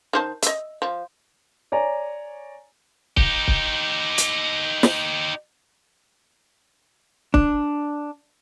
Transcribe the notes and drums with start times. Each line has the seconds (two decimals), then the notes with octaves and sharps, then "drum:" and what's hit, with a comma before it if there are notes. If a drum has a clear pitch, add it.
0.13 D#3 C5 A5
0.43 D#5 E5, drum: hi-hat
0.82 F3
1.72 C#5 D5 G#5 A#5
3.17 D#4 G4, drum: kick
3.48 drum: kick
4.18 drum: hi-hat
4.83 drum: snare
7.34 D4, drum: kick